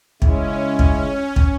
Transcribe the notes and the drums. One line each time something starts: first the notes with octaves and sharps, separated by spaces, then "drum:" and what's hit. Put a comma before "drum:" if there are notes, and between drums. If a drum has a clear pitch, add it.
C#3 G#3 C#4 E4, drum: kick
drum: kick
drum: kick